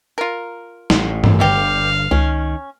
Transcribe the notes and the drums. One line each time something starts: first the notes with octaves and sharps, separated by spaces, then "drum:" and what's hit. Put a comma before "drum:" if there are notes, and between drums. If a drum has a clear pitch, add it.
F4 A#4
A1 A2, drum: snare
drum: tom G2
G1 G2 B2 D3 G4 F5
C#2 D#3 C#4